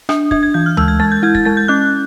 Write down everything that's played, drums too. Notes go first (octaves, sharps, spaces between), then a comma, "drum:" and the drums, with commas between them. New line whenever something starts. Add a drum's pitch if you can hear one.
D4, drum: rim click
D4 G#6, drum: kick
G#6
E3 G6
F6
G#3 E6, drum: tom D2
G#6
G#3 A6
G6
E4 G#6
A6, drum: kick
G#3 A6
G6
C#4 F#6